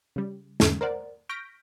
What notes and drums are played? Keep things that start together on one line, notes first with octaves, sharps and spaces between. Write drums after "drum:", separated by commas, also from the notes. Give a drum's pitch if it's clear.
C#3 G3
E2 G#2 D3 D#3 G#3 C#4, drum: snare
A#4 C5 D5 F#5
C#6 F6 G6 A#6 B6 D7